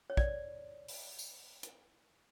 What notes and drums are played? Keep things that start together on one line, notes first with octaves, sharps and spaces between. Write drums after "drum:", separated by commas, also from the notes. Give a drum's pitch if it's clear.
C#5
D5, drum: kick
drum: open hi-hat
drum: tambourine
drum: hi-hat